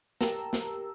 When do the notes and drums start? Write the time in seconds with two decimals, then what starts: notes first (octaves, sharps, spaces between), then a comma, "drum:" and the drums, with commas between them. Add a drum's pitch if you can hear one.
0.21 G4 A#4 A5 A#5 E6, drum: snare
0.53 drum: snare